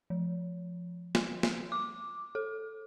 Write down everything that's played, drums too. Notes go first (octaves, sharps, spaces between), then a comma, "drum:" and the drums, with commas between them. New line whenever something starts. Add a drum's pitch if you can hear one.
F3
drum: snare
drum: snare
D6
A4